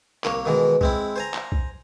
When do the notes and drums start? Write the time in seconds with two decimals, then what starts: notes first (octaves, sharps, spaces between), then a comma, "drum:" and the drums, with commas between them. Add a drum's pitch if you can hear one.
0.24 C2 A#3 C#5, drum: clap
0.46 B2 D#3 E3 G#3
0.81 G#3 C4 E4, drum: kick B1
1.16 C5 G#5 A#5
1.34 drum: clap
1.52 drum: kick B1